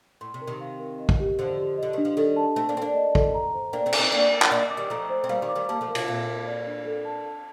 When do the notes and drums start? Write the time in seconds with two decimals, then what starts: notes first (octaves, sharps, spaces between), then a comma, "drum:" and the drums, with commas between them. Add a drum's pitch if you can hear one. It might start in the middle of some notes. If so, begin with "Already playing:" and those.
0.21 A2 C6
0.34 C3
0.42 A#4
0.47 C3 D#3
0.61 F5
0.80 A#4
0.99 D#5
1.09 drum: kick
1.20 G4
1.39 D3 F3 C5
1.58 G4
1.78 D3 D#5
1.93 D#3 D4
2.05 F3
2.17 D#3 G3 A4
2.36 A5
2.56 A3 C4 A5
2.69 A#3 D4
2.75 C4 A4
2.82 A#3 D4
2.95 D#5
3.15 A4, drum: kick
3.34 A#5
3.54 C5
3.73 A#3 D4 G5
3.86 A3 C4
3.93 D6, drum: cymbal
3.99 C4 D#4
4.12 A#3 D4 G5
4.31 A#4
4.42 drum: clap
4.51 A#3 D4 D#5
4.70 D6
4.77 D#3 G3
4.90 F3 A3 A#5
5.10 C5
5.24 C4
5.29 G3 A#3 F5
5.42 D#3 G3
5.49 D6
5.55 D#3 G3
5.69 G3 A#3 A5
5.81 F3 A3
5.89 A#4
5.95 C3, drum: cymbal
6.07 A#2 F5
6.27 A#4
6.47 D5
6.67 D4
6.86 A4
7.05 A5
7.25 A5